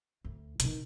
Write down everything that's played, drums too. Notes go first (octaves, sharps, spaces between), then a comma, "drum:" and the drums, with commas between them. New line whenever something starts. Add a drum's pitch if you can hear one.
D2
B2 D#3, drum: hi-hat